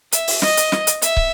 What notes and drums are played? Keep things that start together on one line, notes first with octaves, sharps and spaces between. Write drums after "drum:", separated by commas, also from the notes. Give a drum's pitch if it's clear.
E5, drum: hi-hat
drum: open hi-hat
D#5, drum: snare
drum: hi-hat
drum: snare
drum: hi-hat
E5, drum: hi-hat
drum: kick